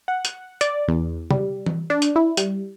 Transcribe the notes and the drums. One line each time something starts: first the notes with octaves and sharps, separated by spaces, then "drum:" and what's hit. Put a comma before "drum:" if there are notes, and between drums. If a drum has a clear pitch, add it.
F#5
drum: hi-hat
D5, drum: hi-hat
E2
G3, drum: tom C3
drum: tom E3
D4
drum: hi-hat
E4
G3, drum: hi-hat